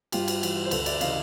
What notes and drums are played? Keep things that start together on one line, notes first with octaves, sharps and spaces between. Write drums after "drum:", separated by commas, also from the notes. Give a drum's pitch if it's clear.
G2 F4 G4, drum: cymbal
drum: cymbal
E3, drum: cymbal
C5
D2 A4 B4, drum: cymbal
D5 E5, drum: cymbal
C#3 E3 D#5 F5, drum: cymbal